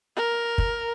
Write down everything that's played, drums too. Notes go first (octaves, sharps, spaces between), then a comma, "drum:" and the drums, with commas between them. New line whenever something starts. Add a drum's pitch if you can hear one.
A#4
drum: kick